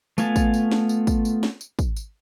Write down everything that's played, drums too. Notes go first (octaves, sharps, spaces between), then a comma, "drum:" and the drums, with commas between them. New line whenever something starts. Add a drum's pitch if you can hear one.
A3 B3 F4 G#5 A5, drum: tambourine
drum: kick, tambourine
drum: tambourine
drum: snare
drum: tambourine
drum: kick, tambourine
drum: tambourine
drum: snare
drum: tambourine
drum: kick, tambourine
drum: tambourine